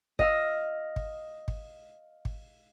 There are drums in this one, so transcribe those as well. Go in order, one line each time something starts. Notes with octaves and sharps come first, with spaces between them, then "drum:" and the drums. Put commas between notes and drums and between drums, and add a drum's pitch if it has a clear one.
D#5 F5 E6, drum: kick G#1
drum: kick G#1
drum: kick G#1
drum: kick G#1